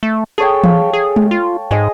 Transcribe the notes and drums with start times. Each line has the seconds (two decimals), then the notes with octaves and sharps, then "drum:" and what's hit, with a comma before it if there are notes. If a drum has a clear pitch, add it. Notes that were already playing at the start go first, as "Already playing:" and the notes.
0.03 A3
0.38 G#4 A4 C#5 G5
0.64 F5, drum: tom E3
0.93 G#4
1.16 drum: tom G#3
1.31 F4
1.71 G#2 G#4 D#5